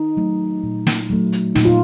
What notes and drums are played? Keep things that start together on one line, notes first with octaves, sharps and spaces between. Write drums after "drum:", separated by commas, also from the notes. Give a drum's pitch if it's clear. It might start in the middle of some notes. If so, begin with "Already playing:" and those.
Already playing: D#4
F#3 A3
A#2
drum: snare
F#3 A3
drum: hi-hat
A#2 D#4, drum: snare
F4